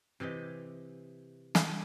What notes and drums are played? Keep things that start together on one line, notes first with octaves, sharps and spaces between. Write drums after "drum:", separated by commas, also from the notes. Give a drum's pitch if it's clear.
C3 E3 G4 D#5
drum: snare